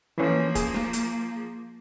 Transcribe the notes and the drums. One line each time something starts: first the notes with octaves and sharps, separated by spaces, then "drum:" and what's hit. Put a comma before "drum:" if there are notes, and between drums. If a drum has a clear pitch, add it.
E3 F3 A#3 C#4
G#4, drum: kick, hi-hat
drum: snare
drum: hi-hat